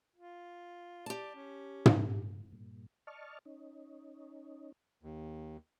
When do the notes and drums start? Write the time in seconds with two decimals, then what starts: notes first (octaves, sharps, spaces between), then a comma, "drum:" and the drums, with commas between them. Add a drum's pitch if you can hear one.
0.16 F4
1.06 G4 D5 A5
1.35 C#4
1.86 drum: tom
2.52 G2 A#2
3.07 D5 D#5 A5 C#6 F6
3.45 C#4 D#4
5.03 D#2